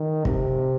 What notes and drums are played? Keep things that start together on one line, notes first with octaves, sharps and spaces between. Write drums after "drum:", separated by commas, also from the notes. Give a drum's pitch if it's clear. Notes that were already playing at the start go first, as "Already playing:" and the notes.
Already playing: D#3
C3, drum: kick